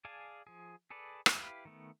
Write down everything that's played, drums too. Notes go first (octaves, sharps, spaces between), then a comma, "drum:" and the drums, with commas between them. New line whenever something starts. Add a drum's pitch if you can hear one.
G#4 D5 F5 G#5 A5
F3 G#4
G#4 A4 B4 D5
drum: rim click
E4 G4 B4 F5
D#3 A3 B3